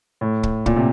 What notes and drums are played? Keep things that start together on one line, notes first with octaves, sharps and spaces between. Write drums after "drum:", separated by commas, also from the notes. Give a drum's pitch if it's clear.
A2
drum: kick
A#2, drum: kick
C3